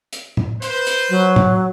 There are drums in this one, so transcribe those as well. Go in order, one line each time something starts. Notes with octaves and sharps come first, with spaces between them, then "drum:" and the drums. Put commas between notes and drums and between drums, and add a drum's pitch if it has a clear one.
drum: hi-hat
drum: tom
B4 C5, drum: hi-hat
drum: hi-hat
F#3
drum: tom